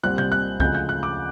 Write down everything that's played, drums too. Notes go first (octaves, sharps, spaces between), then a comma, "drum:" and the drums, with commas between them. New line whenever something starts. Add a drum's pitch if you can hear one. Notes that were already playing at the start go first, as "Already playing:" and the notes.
C2 A#2 G3 C4 F#6
G6, drum: tom C3
F#6
D2 C#3 F3 G#3 G6, drum: kick C2
G6
F#6
D6